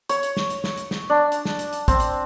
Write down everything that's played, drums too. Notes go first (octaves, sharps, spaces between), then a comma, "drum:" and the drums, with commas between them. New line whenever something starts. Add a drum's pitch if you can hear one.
C#5, drum: hi-hat
drum: hi-hat
drum: snare
drum: hi-hat
drum: snare
drum: hi-hat
drum: snare
D4
drum: hi-hat
drum: snare
drum: hi-hat
drum: hi-hat
C4, drum: kick, hi-hat
drum: hi-hat